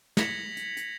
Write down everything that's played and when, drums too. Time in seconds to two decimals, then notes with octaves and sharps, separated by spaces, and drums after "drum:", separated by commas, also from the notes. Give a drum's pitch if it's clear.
0.17 G#6 A#6 B6 C#7 F7 F#7, drum: snare
0.57 drum: hi-hat
0.77 drum: hi-hat